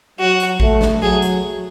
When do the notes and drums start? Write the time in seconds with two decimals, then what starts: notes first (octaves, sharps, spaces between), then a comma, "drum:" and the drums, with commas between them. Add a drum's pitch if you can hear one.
0.19 F#3 F#4
0.40 drum: hi-hat
0.60 A3, drum: kick A1
0.81 drum: snare
1.01 F#3 G#4
1.22 drum: hi-hat